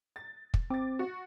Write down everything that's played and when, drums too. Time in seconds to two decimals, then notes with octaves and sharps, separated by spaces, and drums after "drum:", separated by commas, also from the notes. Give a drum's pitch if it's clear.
0.16 A6
0.54 drum: kick
0.70 C4 D6 A6
0.99 F#4